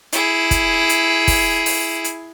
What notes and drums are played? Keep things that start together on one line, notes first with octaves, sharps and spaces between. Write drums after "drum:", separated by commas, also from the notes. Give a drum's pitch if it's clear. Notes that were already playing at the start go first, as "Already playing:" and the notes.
E4 G#4, drum: hi-hat
drum: kick, hi-hat
drum: hi-hat
drum: kick, open hi-hat
drum: open hi-hat
drum: hi-hat